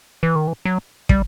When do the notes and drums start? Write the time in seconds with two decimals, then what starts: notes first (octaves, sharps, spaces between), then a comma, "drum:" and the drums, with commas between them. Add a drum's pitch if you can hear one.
0.23 E3
0.36 D#3
0.48 E3
0.65 F#3
1.09 G3, drum: kick